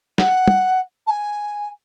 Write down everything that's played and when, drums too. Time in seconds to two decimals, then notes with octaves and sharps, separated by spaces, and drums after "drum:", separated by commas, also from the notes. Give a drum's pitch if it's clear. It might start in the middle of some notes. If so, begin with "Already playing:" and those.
0.18 F#5, drum: snare
0.48 drum: tom
1.06 A5
1.10 G#5